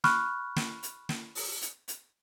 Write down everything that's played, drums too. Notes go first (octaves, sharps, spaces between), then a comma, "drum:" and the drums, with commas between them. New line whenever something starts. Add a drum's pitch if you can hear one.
B5 C#6 F6 F#6, drum: snare
drum: snare
drum: hi-hat
drum: snare
drum: open hi-hat
drum: hi-hat
drum: hi-hat